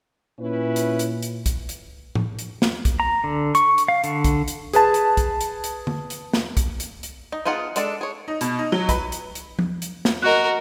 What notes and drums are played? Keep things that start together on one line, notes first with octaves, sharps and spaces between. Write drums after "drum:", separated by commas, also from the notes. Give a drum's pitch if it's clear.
A#2 C#4 E4 B4
drum: hi-hat
drum: hi-hat
drum: hi-hat
drum: kick, hi-hat
drum: hi-hat
drum: tom A2
drum: hi-hat
drum: snare
drum: kick, hi-hat
A#5
D3
C#6, drum: hi-hat
drum: hi-hat
F5
D3, drum: hi-hat
drum: kick, hi-hat
drum: hi-hat
G#4 B4 A5, drum: hi-hat
drum: hi-hat
drum: kick, hi-hat
drum: hi-hat
drum: hi-hat
drum: tom D3
drum: hi-hat
drum: snare
drum: kick, hi-hat
drum: hi-hat
drum: hi-hat
D#4
B3 D#4 F4 G#4 F#5
G#3 D4 A4, drum: hi-hat
G#4 C#5
D#4
B2, drum: hi-hat
D#4
F#3
B4, drum: kick, hi-hat
drum: hi-hat
drum: hi-hat
drum: tom F3
drum: hi-hat
drum: snare
F#4 A#4 D#5 F#6